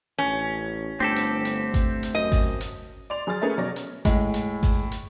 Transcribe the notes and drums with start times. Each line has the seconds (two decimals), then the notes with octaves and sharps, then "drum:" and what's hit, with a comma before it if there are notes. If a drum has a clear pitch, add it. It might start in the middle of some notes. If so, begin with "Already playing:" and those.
0.18 A1 C#4
1.00 G1 A3 C4 D4 G4 A4
1.16 drum: hi-hat
1.45 drum: hi-hat
1.74 drum: kick G#1, hi-hat
2.03 drum: hi-hat
2.15 F#2 D#5
2.32 drum: kick G#1, open hi-hat
2.61 drum: hi-hat
3.10 D5 C6 F7
3.27 F#3 G#4 C6 F6 A6
3.42 A3 A#3 C#4 G#4 B4 C#5
3.57 B2 F#3 C#4 D5 A#6
3.76 drum: hi-hat
4.05 A2 G#3, drum: kick G#1, hi-hat
4.34 drum: hi-hat
4.63 drum: kick G#1, open hi-hat
4.92 drum: hi-hat